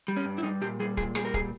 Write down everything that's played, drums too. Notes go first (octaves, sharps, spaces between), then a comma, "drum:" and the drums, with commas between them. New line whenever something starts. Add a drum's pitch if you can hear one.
G3
C#4
G2
E4
G3 D#4
A#2 G4
G3 G#4
A#2 G#4, drum: kick
G3 G#4, drum: rim click
A#4
A#2 G#4, drum: kick